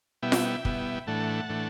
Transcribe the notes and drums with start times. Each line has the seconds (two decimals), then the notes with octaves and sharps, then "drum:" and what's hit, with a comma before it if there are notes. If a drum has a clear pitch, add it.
0.22 B2 G3 B3 E4 E5 G5
0.32 drum: snare F4
0.65 B2 G3 B3 E4, drum: kick
1.07 A2 E3 A3 D4 F#5 A5
1.49 A2 E3 A3 D4